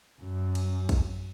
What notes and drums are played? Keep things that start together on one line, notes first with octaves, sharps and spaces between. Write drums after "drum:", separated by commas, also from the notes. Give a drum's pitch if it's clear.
F#2
drum: cymbal
drum: kick, cymbal